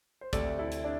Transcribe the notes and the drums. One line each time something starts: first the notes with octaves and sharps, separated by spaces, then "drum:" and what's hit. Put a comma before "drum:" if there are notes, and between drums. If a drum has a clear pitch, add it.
C5
D2 C3 A3 C4 A4 D5, drum: kick, hi-hat
E4 A4
drum: hi-hat
D4